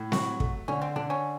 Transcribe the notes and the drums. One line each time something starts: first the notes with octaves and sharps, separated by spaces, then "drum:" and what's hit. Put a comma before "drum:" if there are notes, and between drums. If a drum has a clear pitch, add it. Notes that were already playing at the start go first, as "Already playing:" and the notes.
Already playing: A2
F#3 F#4, drum: snare C4
A3, drum: kick
D3 C#4
C4
D3 D4
C#4